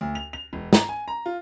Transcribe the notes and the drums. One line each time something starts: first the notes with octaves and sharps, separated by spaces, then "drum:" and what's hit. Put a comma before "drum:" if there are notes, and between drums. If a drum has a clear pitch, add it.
D2
F7
F7
E1
A#5, drum: snare
G#5
A#5
F4